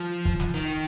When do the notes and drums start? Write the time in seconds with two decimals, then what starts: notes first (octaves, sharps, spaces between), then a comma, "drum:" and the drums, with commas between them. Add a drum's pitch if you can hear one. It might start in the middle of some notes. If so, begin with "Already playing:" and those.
Already playing: F3
0.25 drum: kick
0.40 drum: snare
0.54 D#3